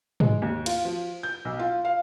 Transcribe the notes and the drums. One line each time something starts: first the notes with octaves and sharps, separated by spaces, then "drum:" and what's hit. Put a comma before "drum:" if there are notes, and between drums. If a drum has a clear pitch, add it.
G#3, drum: tom G#2
D#2
F4, drum: cymbal
F3
G6
B1
F4
F5